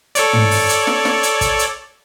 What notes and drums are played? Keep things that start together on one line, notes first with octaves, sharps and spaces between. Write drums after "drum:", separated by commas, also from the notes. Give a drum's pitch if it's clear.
A4 C#5 D5, drum: hi-hat
drum: tom
drum: open hi-hat
drum: hi-hat
drum: snare
drum: snare
drum: hi-hat
drum: kick, hi-hat
drum: hi-hat